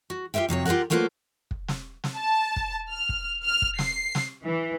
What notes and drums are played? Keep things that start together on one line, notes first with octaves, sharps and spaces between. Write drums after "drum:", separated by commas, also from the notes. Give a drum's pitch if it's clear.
F#4
F4 G4 C5 E5 G5
F2 C3 F#3 C#5
F4 G4 A4 A#4 F#5
F#3 A3 A#3 F4 B4 C5
drum: kick
drum: snare
drum: snare
A5
drum: kick
F6
drum: kick
F6
drum: kick
C7, drum: snare
drum: snare
E3